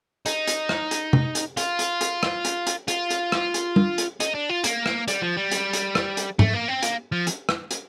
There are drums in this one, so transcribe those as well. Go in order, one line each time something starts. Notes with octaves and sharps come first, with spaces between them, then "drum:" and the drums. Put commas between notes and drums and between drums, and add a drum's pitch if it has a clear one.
D#4, drum: hi-hat
drum: hi-hat
drum: rim click
drum: hi-hat
drum: tom
drum: hi-hat
F4, drum: hi-hat
drum: hi-hat
drum: hi-hat
drum: rim click
drum: hi-hat
drum: hi-hat
F4, drum: hi-hat
drum: hi-hat
drum: rim click
drum: hi-hat
drum: tom
drum: hi-hat
D#4, drum: hi-hat
D4
F4
A#3, drum: hi-hat
drum: rim click
G3, drum: hi-hat
F3
G3
drum: hi-hat
drum: hi-hat
drum: rim click
drum: hi-hat
A3, drum: tom G#2
A#3
C4
A#3, drum: hi-hat
F3
drum: hi-hat
drum: rim click
drum: hi-hat